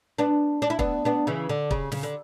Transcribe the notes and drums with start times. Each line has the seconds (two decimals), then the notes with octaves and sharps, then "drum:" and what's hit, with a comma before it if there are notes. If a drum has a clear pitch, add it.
0.18 B3 D4
0.62 D4
0.70 E4
0.79 B3 D4, drum: kick
1.05 B3 D4
1.27 C#3 E3
1.49 D3
1.71 C#3, drum: kick
1.92 C#3, drum: snare
2.03 D3